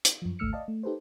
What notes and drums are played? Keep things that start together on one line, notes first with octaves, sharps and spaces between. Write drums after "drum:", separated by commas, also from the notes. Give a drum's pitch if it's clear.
drum: hi-hat
F#2 F3
G#1 D2 A3 E6 F6 C#7
D5 D#5 F5 A5
A3
D#4 G4 A4 B4 C5